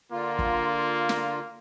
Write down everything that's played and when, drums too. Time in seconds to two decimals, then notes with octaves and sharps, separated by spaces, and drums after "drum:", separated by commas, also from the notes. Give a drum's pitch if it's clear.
0.12 D3 A#3 F4
0.39 drum: kick
1.09 drum: snare